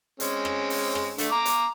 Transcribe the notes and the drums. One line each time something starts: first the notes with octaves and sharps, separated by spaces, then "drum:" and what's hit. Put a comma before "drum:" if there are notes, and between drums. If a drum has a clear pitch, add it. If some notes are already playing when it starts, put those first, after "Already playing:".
G#3 C4 C#4, drum: hi-hat
drum: rim click
drum: open hi-hat
drum: rim click
D3 A3, drum: hi-hat
A#5 D6
drum: hi-hat